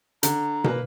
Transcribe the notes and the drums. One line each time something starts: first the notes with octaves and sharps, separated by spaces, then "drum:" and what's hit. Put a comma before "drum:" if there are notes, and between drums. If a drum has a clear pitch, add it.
D3 A#5, drum: hi-hat
A#3 B4, drum: tom